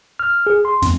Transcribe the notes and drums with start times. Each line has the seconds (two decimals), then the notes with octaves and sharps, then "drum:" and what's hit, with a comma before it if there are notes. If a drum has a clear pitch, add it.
0.19 F6
0.47 G#4
0.65 C6
0.82 F2, drum: snare